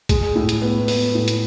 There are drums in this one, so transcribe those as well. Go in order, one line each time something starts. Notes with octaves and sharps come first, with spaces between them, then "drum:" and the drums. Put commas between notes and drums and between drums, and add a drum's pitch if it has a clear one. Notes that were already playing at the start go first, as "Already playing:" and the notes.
G#3, drum: kick, hi-hat
A2
drum: hi-hat
B3
B3, drum: open hi-hat
A2
drum: hi-hat